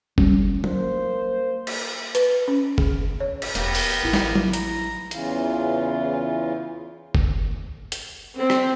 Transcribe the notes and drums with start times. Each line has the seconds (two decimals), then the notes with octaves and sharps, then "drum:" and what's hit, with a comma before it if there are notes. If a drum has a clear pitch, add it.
0.18 G3 C#4, drum: kick F#1
0.64 A#3 C5, drum: tom F#3
1.67 drum: cymbal
2.15 B4, drum: hi-hat
2.48 C#4
2.78 G#4, drum: kick F#1
3.20 C#5
3.42 drum: cymbal
3.55 E1 A#3 B3 G4, drum: hi-hat
3.75 drum: open hi-hat
4.04 A1 E4
4.13 drum: snare
4.36 drum: tom F#3
4.53 A#5, drum: hi-hat
5.11 E2 C#3 E3 F4, drum: hi-hat
7.15 drum: kick F#1
7.92 drum: hi-hat
8.36 C4
8.50 drum: rim click